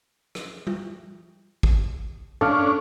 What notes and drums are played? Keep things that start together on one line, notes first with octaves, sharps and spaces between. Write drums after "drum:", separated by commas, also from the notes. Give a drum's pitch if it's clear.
drum: rim click
drum: tom G3
drum: kick G#1
C#4 D4 A4 F5 F6, drum: tom G2